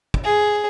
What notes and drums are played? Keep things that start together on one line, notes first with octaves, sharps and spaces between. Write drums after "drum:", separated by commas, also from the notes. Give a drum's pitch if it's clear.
drum: kick
G#4